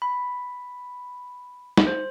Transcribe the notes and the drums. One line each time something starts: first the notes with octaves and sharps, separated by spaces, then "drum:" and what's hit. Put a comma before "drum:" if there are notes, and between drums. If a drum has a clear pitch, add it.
B5
drum: snare
C5